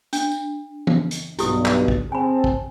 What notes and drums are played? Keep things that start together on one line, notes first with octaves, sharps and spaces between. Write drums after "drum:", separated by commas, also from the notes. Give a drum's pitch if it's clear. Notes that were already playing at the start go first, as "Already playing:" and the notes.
D4, drum: hi-hat
drum: tambourine
drum: tom E3
drum: hi-hat
B1 G2 E4 G4 D#6, drum: hi-hat
drum: clap
drum: kick
C4 G#4 G#5 A5 B5
drum: kick